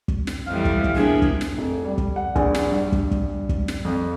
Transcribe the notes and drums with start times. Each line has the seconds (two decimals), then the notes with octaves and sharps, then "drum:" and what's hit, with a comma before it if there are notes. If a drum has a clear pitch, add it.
0.08 drum: kick
0.27 drum: snare
0.47 F2 E3 G3 F5
0.65 drum: kick
0.84 drum: kick
0.96 C3 A#3 B3 D4 G#4
1.22 drum: kick
1.41 drum: snare
1.58 F1
1.85 G3
1.98 drum: kick
2.16 F#5
2.36 A#1, drum: kick
2.55 drum: snare
2.69 G2
2.92 drum: kick
3.11 drum: kick
3.49 drum: kick
3.68 drum: snare
3.85 F2